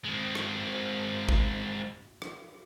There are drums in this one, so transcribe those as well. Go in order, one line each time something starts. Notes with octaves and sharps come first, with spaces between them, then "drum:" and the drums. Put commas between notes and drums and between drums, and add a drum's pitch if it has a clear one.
G#3 C4
drum: rim click
drum: kick
drum: rim click